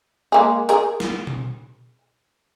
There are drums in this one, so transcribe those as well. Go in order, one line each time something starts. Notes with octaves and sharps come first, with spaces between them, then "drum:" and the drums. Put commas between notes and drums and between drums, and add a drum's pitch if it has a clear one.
G#3 A#3 G#4
G#4 A#4, drum: hi-hat
drum: snare
drum: tom B2